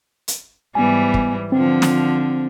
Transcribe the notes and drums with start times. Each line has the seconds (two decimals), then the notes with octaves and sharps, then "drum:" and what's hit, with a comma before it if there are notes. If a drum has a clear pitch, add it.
0.28 drum: hi-hat
0.75 G#2 E3 G3 B3 G#5
1.14 drum: kick
1.52 D3 F3 C4
1.82 drum: snare